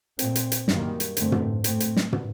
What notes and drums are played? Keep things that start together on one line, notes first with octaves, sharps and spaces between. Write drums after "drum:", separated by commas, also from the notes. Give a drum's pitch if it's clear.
A#2 A3 C4, drum: hi-hat
drum: hi-hat
drum: hi-hat
F#2 D#3 G3 A#3, drum: snare
drum: hi-hat
F#2 D3 A3 C4, drum: hi-hat
drum: tom
A2 A3 C4, drum: hi-hat
drum: hi-hat
drum: snare
drum: tom